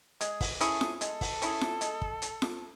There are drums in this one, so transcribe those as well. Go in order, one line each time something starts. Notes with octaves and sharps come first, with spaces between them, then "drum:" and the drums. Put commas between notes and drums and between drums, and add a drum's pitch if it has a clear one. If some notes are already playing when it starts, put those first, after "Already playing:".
G#3 G#4, drum: hi-hat
drum: kick, open hi-hat
C#4 E4 G#4 A4, drum: hi-hat
drum: snare F4
G#3 A4, drum: hi-hat
drum: kick, open hi-hat
C#4 E4 G#4, drum: hi-hat
drum: snare F4
G#3, drum: hi-hat
drum: kick
drum: hi-hat
drum: snare F4